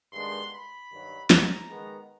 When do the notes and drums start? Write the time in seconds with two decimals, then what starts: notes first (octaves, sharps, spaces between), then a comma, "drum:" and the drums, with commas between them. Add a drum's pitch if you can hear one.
0.13 G2 D#3 G#3 B3 D4 C6
0.52 B5
0.91 G2 D#3 F#3
1.30 A#5, drum: snare
1.69 D#3 G#3 B3